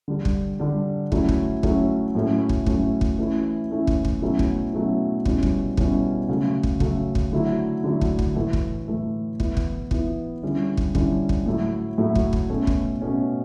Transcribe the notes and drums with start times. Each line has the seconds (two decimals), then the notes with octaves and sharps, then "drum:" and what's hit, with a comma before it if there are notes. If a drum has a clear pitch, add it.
0.08 D3 G3 D4
0.25 drum: kick
0.60 D3 G3 D4
1.12 F#3 A3 C#4 E4, drum: kick
1.29 drum: kick
1.63 F#3 A3 C#4 E4, drum: kick
2.15 A2 F#3 A3 C#4 E4
2.49 drum: kick
2.66 A2 F#3 A3 C#4 E4, drum: kick
3.01 drum: kick
3.18 E3 A3 C#4 E4
3.70 E3 A3 C#4 E4
3.87 drum: kick
4.05 drum: kick
4.22 B2 F#3 A3 C#4 E4
4.39 drum: kick
4.73 B2 F#3 A3 C#4 E4
5.25 B2 G3 C#4 E4, drum: kick
5.43 drum: kick
5.77 B2 G3 C#4 E4, drum: kick
6.29 C#3 F#3 A3
6.63 drum: kick
6.80 C#3 F#3 A3, drum: kick
7.15 drum: kick
7.33 D3 F#3 A3 E4
7.84 D3 F#3 A3 E4
8.01 drum: kick
8.19 drum: kick
8.36 A2 E3 A3
8.53 drum: kick
8.88 A2 E3 A3
9.40 E3 B3 E4, drum: kick
9.57 drum: kick
9.91 E3 B3 E4, drum: kick
10.43 D3 G3 C#4 E4
10.77 drum: kick
10.95 D3 G3 C#4 E4, drum: kick
11.29 drum: kick
11.46 A2 F#3 A3 E4
11.98 A2 F#3 A3 E4
12.15 drum: kick
12.33 drum: kick
12.50 B2 A3 C#4
12.67 drum: kick
13.01 B2 A3 C#4